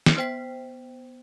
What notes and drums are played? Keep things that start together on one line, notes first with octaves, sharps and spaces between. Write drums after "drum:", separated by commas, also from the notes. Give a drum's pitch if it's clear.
drum: snare
B3 C5 G5 B6